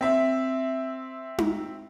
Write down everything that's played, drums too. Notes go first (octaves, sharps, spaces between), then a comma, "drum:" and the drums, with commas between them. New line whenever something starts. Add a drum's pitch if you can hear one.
C4 E5
drum: tom D#4